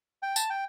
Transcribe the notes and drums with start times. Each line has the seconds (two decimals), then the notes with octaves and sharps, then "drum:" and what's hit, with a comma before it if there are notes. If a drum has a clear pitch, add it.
0.23 G5
0.36 A5, drum: tambourine
0.50 G5